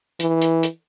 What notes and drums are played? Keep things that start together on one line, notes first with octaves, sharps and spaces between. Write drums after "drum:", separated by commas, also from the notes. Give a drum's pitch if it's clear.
E3, drum: hi-hat
drum: hi-hat
drum: hi-hat